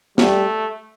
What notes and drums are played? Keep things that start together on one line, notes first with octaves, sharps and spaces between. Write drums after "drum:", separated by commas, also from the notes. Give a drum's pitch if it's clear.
G3 A3, drum: snare